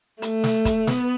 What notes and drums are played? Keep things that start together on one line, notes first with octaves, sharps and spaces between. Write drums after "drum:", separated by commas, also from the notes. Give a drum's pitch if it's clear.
A3, drum: hi-hat
drum: snare
drum: kick, hi-hat
B3, drum: snare